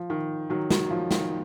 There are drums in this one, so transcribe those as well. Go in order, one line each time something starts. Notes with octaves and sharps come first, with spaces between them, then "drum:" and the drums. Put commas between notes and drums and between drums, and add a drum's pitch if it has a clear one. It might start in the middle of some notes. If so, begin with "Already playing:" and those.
Already playing: F3
D#3
D#3 F#3
D#3 F#3, drum: snare
F3
D#3, drum: snare